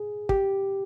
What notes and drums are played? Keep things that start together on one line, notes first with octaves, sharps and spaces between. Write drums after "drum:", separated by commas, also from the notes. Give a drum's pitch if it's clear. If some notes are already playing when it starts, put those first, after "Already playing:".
Already playing: G#4
G4, drum: kick